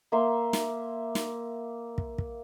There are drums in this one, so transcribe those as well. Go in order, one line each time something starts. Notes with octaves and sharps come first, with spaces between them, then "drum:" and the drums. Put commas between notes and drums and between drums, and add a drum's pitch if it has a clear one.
A#3 E5 C6
drum: snare
drum: snare
drum: kick
drum: kick